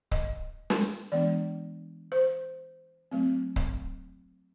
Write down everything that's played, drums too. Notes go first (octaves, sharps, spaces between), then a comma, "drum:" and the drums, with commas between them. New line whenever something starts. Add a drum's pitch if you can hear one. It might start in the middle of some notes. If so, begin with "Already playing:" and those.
D#5, drum: kick C#1
drum: snare
E3 G#3 B3 D4 D5
C5
F#3 A3 C4
drum: kick C#1